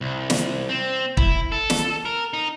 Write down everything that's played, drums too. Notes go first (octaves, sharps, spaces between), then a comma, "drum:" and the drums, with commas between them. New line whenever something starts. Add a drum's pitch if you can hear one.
C2
drum: snare
C4
E4, drum: kick
A4
drum: snare
A#4
D#4